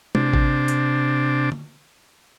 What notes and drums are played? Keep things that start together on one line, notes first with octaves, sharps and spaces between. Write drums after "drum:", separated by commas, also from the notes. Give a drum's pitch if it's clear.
C3 D4, drum: tom
drum: kick
drum: hi-hat
drum: tom D3